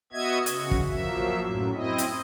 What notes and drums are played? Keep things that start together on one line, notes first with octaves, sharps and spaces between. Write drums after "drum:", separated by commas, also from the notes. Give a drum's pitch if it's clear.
B3 F#4 D#5 E5 G#6
C#3 F#4, drum: hi-hat
drum: kick
F3 F#3 A#3 E5
F#2 A2 F#3
C4 E4 D#5
drum: hi-hat